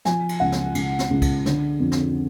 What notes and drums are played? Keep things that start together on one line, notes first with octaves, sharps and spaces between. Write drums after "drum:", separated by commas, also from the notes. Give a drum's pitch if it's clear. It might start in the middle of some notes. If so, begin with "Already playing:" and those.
F3 G#5, drum: snare
drum: cymbal
C#2 F#5
drum: snare
C#2, drum: cymbal
drum: snare
C#2
drum: kick C2, cymbal
D3, drum: snare
F2
drum: snare